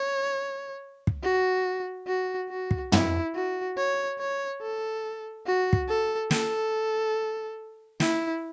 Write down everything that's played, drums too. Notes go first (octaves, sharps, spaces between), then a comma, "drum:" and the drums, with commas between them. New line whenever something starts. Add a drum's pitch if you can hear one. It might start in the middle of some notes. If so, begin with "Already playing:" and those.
Already playing: C#5
drum: kick
F#4
F#4
F#4
drum: kick
E4, drum: tom
F#4
C#5
C#5
A4
F#4
drum: kick
A4
A4, drum: snare
E4, drum: snare